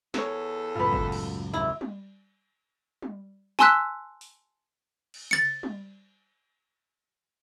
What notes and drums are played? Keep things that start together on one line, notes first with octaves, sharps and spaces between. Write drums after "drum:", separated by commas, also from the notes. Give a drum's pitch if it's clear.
E2 A4 A#4 C#5, drum: snare
C#2 F#2 A2 F4 B4
drum: kick
drum: cymbal
G#1 D#2 E4
drum: tom G3
drum: tom G3
G#5 A5 C6 E6 F#6 B6, drum: snare
drum: open hi-hat
drum: cymbal
A6 C#7, drum: tom C#3
drum: tom G3